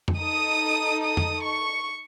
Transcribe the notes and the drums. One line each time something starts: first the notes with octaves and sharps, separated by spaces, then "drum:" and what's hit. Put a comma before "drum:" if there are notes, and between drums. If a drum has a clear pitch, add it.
drum: tom F2
D#4 A4 D#6
D#6
drum: tom F2
C#6